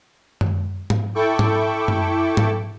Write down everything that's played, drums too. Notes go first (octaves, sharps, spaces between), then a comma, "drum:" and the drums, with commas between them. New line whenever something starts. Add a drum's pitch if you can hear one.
drum: tom
drum: tom G#2
E4 A4 G5 C#6 D6
drum: tom G#2
drum: tom
drum: tom G#2